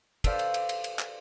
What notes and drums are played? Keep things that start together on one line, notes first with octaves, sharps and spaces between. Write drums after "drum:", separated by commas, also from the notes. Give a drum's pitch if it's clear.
A4 B4 C5 D5 F5, drum: kick, cymbal
drum: cymbal
drum: cymbal
drum: cymbal
drum: cymbal
drum: clap